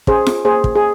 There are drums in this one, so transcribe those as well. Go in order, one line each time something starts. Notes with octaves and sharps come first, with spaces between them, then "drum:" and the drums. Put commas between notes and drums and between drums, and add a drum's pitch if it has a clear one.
C#4 G#4 C5, drum: kick
drum: snare F4
A#3 G#4 C5
drum: kick
G#4